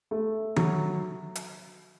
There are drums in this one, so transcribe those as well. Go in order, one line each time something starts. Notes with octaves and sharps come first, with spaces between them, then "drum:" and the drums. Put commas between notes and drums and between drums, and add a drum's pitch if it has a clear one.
A3
F#3, drum: tom D#3
drum: hi-hat